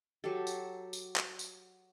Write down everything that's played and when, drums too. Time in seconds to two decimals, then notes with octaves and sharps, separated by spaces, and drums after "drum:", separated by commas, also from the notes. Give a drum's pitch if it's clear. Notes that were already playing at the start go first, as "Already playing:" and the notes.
0.24 F#3 G4 A4
0.47 drum: tambourine
0.93 drum: tambourine
1.16 drum: clap
1.39 drum: tambourine